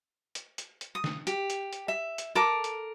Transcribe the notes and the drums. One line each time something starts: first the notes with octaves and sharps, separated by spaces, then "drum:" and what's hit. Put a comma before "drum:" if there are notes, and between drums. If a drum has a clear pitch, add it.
drum: hi-hat
drum: hi-hat
drum: hi-hat
D#6
drum: snare
G4, drum: hi-hat
drum: hi-hat
drum: hi-hat
E5
drum: hi-hat
A4 A#4 D6
drum: hi-hat